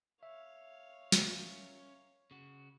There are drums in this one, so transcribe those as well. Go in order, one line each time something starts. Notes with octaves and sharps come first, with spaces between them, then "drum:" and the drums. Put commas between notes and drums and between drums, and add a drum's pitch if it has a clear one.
C#5 E5 F5
C#4 A#4, drum: snare
C#3 F#4